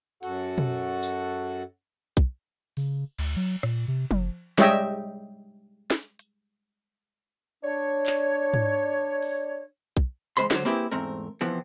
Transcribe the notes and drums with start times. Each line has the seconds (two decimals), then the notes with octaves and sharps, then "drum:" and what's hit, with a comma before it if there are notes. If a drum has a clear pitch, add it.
0.23 F#2 F#4 A4 F#5, drum: hi-hat
0.58 drum: tom B2
1.03 drum: tambourine
2.17 drum: kick
2.77 C#3, drum: open hi-hat
3.18 D2, drum: cymbal
3.36 F#3
3.63 A#2, drum: rim click
3.88 C3
4.11 F#1, drum: tom F3
4.58 G3 G#3 C#5 D#5 E5 G5, drum: snare
5.90 drum: snare
6.19 drum: hi-hat
7.64 D4 C#5
8.06 drum: clap
8.54 drum: tom G#2
9.23 drum: open hi-hat
9.97 drum: kick
10.37 E2 G#3 F4 C5 B5 C6
10.51 C#2 D3 F#3 C5, drum: snare
10.65 A#3 C4 E4 G4 G#4 B4
10.91 E2 G#2 A3 C4 A#4
11.41 C3 E3 F3 B3 C4, drum: hi-hat